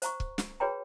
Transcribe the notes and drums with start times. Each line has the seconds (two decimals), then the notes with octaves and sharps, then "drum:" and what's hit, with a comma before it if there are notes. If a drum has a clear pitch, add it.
0.02 C5 F#5 A#5 C#6, drum: hi-hat
0.20 drum: kick
0.38 drum: snare
0.60 F#4 G#4 B4 C#5 G5 A#5